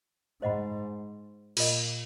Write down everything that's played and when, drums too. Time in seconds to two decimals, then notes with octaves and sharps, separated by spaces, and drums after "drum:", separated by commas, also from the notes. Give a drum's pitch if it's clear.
0.42 G#2 C5 D#5 F#5 B5
1.57 A#2 F4 A#4 D#5, drum: cymbal